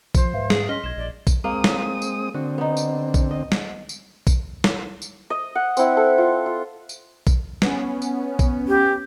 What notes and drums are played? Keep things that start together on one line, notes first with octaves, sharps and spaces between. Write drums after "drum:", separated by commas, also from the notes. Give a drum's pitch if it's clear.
F3 C5, drum: kick, tambourine
G#2 B4 E5 F5
G#4, drum: snare
C#4 D#5 C6 F6 B6
B1 G#6 E7
A#1 D5
drum: kick, tambourine
G#3 A#3 C4 D#6
drum: snare
drum: tambourine
D3 C4 F#4
B3 D#4
drum: tambourine
drum: kick, tambourine
D#5
drum: snare
drum: tambourine
drum: kick, tambourine
drum: snare
drum: tambourine
D#5
F#5
C4 E4, drum: tambourine
A4
F4
F4
drum: tambourine
drum: kick, tambourine
B3 C#4, drum: snare
drum: tambourine
drum: kick, tambourine
G4